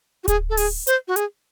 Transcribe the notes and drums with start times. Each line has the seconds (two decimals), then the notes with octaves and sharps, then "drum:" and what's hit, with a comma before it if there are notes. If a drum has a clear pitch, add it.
0.24 F#4
0.28 G#4, drum: kick D1, hi-hat
0.50 A4
0.57 G#4, drum: open hi-hat
0.87 C5, drum: hi-hat
1.08 F#4
1.16 G#4, drum: hi-hat